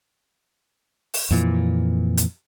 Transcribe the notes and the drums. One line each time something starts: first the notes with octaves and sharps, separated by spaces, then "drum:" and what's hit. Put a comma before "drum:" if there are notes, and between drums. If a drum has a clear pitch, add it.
drum: open hi-hat
F2 A#2 E3
drum: hi-hat